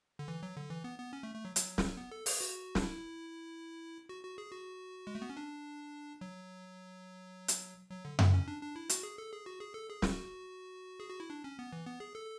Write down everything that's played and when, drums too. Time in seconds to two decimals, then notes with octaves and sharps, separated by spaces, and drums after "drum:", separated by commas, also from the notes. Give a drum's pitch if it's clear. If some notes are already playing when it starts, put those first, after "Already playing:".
0.19 D3
0.28 E3
0.43 F#3
0.56 D3
0.70 E3
0.84 B3
0.99 B3
1.13 C#4
1.23 A3
1.34 A3
1.45 F#3
1.56 F#3, drum: hi-hat
1.78 drum: snare
1.97 B3
2.12 A4
2.26 G#4, drum: open hi-hat
2.41 F#4
2.75 D4, drum: snare
2.83 E4
4.09 F#4
4.23 F#4
4.38 G#4
4.52 F#4
5.07 G#3
5.15 A3
5.22 B3
5.30 C#4
5.37 D4
6.21 F#3
7.48 drum: hi-hat
7.91 F#3
8.05 D3
8.19 D3, drum: tom F#2
8.34 C#4
8.48 D4
8.62 D4
8.76 E4
8.89 F#4, drum: hi-hat
9.03 G#4
9.18 A4
9.32 G#4
9.46 F#4
9.60 G#4
9.74 A4
9.89 G#4
10.02 F#4, drum: snare
11.00 G#4
11.10 F#4
11.20 E4
11.30 D4
11.44 C#4
11.59 B3
11.73 E3
11.86 B3
12.00 G#4
12.15 A4